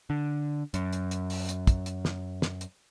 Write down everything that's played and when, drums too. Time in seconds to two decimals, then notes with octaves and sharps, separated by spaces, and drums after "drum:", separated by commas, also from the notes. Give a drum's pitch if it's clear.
0.10 D3
0.74 F#2, drum: hi-hat
0.93 drum: hi-hat
1.11 drum: hi-hat
1.30 drum: open hi-hat
1.49 drum: hi-hat
1.67 drum: kick, hi-hat
1.86 drum: hi-hat
2.05 drum: snare
2.42 drum: snare
2.61 drum: hi-hat